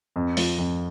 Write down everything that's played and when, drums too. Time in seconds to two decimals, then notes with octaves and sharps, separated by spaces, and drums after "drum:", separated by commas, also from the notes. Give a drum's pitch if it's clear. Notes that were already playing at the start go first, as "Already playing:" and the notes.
0.16 F2
0.37 F3, drum: open hi-hat
0.58 F2